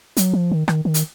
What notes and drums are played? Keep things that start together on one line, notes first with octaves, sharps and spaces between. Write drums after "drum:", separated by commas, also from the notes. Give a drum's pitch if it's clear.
F#3, drum: hi-hat
F3
D#3
D#3, drum: rim click
D#3
drum: hi-hat